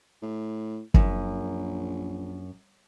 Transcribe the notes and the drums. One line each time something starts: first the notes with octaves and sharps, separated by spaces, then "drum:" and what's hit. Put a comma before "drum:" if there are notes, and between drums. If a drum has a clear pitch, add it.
A2
A#1 F#2, drum: kick